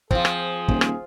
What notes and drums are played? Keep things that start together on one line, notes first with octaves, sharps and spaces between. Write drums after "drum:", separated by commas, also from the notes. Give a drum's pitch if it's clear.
F3 C4 F4 G#4, drum: kick
drum: rim click
D#1, drum: kick
drum: rim click